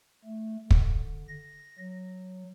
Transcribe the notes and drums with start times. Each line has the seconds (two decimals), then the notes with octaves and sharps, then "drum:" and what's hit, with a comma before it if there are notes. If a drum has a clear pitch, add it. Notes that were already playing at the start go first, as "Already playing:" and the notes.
0.25 A3
0.71 D3, drum: kick
1.28 A#6
1.78 F#3